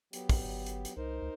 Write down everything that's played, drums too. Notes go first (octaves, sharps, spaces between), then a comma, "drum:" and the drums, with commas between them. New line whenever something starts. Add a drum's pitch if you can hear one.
F#3 B3 G4, drum: hi-hat
drum: kick, open hi-hat
G1
drum: hi-hat
drum: hi-hat
C2 D#4 A#4 C5
C#2